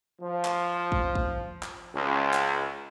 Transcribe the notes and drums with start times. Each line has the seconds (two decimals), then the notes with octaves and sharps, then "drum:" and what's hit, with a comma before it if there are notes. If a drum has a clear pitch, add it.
0.21 F3
0.45 drum: clap
0.92 drum: kick
1.15 drum: kick
1.63 drum: clap
1.94 C#2
2.33 drum: clap